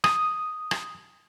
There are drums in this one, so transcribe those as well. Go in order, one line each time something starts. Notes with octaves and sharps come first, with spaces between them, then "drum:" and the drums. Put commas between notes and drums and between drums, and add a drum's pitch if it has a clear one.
D#6, drum: rim click
drum: rim click